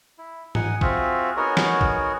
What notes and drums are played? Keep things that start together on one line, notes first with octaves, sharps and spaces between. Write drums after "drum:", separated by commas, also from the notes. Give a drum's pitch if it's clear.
E4
D#4 F#5 G#5 D#6, drum: tom G#2
C4 F4 F#4 G#4 E5, drum: kick
B3 D#4 F#4 G#4 A#4 C#5
drum: snare
drum: kick